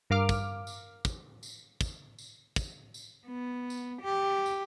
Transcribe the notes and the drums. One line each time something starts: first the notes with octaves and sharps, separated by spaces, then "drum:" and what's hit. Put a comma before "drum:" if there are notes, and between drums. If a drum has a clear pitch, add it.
G2 A#4 F5 D6 F6
drum: kick, tambourine
drum: tambourine
drum: kick, tambourine
drum: tambourine
drum: kick, tambourine
drum: tambourine
drum: kick, tambourine
drum: tambourine
B3
drum: tambourine
G4
drum: tambourine